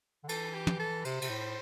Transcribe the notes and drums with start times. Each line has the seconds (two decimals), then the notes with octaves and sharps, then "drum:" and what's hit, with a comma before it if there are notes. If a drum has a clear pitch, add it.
0.24 D3
0.29 E3 A4, drum: cymbal
0.54 G4
0.67 drum: tom
0.79 A4
1.05 C3 C5, drum: cymbal
1.22 C3, drum: cymbal
1.30 A2